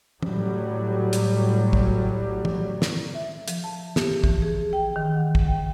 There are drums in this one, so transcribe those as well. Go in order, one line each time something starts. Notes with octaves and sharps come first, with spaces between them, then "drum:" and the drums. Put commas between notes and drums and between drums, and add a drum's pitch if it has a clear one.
A2 F#3 G3, drum: tom
drum: hi-hat
drum: kick
drum: tom
drum: snare
E5
F3, drum: hi-hat
A5
G4, drum: snare
E3, drum: kick
G#4
G5
D#3
F#5
drum: kick
G5